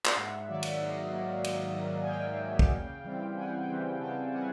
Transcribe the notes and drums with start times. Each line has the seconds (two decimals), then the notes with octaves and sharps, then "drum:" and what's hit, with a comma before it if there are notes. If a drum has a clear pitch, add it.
0.05 drum: clap
0.16 G#2 E5 F#5
0.48 D#3 F#3 A#3 D5 E5
0.63 drum: cymbal
0.80 G#2 D#5 F5
1.12 D#3 F#3 A#3
1.44 G#2, drum: cymbal
1.75 D#3 F#3 A#3
2.01 G#5
2.07 G#2 F5 G5
2.39 D#3 F#3 A#3
2.59 drum: kick
2.72 C#3
3.04 E3 G3 C4 E4
3.36 C#3 F#5 G#5
3.68 E3 G3 C4 E4
3.99 C#3 G5 A5
4.31 E3 G3 C4 E4 F#5 G#5